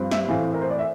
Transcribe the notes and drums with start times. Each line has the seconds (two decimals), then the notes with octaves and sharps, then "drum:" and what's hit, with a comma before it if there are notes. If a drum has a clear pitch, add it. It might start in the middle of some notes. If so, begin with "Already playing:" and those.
Already playing: G2 F3 C4
0.11 E5, drum: snare
0.28 A2 E3 A3 C4 F5
0.54 A#4
0.62 C5
0.70 D5
0.79 E5